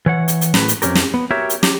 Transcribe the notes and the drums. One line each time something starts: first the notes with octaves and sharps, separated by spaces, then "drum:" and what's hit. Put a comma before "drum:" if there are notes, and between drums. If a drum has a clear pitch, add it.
E3 C#5 F#5
drum: hi-hat
drum: hi-hat
A2 B4, drum: snare
drum: hi-hat
F2 C#3 C#4 G4 A#4, drum: hi-hat
drum: snare
B3
F#4 G4 A#4 C#5 E5
drum: hi-hat
G4, drum: snare